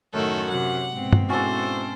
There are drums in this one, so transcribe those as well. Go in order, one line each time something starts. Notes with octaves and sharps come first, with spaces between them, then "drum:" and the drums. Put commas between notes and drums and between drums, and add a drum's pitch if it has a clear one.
F#2 A2 D#3 A3 F#4 A4
C3 F#3 F#5
G#2 B2 C4
drum: tom G2
C#4 D4 E4 F#4 A4 C5